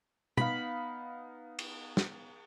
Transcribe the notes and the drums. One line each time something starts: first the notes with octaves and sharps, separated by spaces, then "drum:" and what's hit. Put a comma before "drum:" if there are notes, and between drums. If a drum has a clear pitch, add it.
B3 D#4 F5 B5, drum: tom B2
drum: cymbal
drum: snare